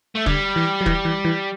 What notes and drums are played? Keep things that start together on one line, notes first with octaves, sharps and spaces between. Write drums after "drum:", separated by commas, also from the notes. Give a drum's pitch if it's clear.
A3
D3 G3, drum: kick E1
E3
F#3
E3, drum: kick E1
E3
E3